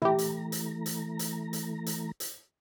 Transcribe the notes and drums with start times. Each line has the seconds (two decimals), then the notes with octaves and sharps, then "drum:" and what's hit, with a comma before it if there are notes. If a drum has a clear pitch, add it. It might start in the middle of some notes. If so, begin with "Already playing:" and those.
0.02 E3 A3 E4 G4 A#5, drum: tom
0.18 drum: hi-hat
0.52 drum: hi-hat
0.86 drum: hi-hat
1.19 drum: hi-hat
1.53 drum: hi-hat
1.86 drum: hi-hat
2.20 drum: hi-hat